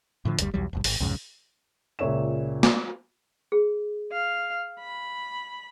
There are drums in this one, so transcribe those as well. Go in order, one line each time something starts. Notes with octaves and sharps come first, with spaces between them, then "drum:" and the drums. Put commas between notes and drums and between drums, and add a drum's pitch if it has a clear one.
A2 D3 F3
F#1 D2 G3, drum: hi-hat
B1 E2 F#3 G3
E1 A#1 G2
G#1, drum: open hi-hat
B1 F2 G#2 C#3
C#2 A#2 C#5 E5 E7
drum: snare
G#4
F5
B5